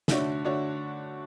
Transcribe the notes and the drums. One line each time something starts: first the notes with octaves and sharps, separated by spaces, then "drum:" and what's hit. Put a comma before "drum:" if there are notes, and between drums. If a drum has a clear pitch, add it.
D3 A3 D4 F#4 C#5, drum: snare
D3 A3 D4 F#4 C#5